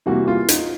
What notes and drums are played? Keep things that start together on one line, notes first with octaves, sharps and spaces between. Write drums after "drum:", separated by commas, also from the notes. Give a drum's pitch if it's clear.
C3 E3 G3 A#3 F#4
F4
D#4, drum: hi-hat